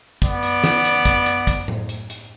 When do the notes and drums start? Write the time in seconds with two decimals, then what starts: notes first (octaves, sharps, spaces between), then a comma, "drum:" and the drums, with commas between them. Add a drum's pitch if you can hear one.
0.22 B3 D5, drum: kick, hi-hat
0.43 drum: hi-hat
0.64 drum: snare
0.84 drum: hi-hat
1.05 drum: kick, hi-hat
1.26 drum: hi-hat
1.47 drum: kick, hi-hat
1.68 drum: tom A2
1.89 drum: hi-hat
2.10 drum: hi-hat